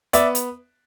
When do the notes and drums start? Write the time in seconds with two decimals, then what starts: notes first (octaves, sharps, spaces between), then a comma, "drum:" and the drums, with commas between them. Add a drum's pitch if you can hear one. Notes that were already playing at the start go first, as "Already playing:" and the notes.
0.13 B3 D5 E5, drum: hi-hat
0.35 drum: hi-hat